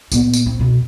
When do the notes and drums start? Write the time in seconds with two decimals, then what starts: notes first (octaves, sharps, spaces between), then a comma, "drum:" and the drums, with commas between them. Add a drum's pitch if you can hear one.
0.12 A#2 B3, drum: tambourine
0.33 drum: tambourine
0.46 C4
0.59 F2 B2